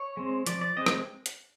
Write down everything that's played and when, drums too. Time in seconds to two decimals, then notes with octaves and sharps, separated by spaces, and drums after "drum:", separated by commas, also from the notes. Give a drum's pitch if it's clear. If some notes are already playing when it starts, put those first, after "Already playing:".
Already playing: C#5
0.17 G#3 C4
0.47 F3 D5, drum: hi-hat
0.61 D5
0.77 G#3 C4 D#5
0.86 drum: rim click
1.26 drum: hi-hat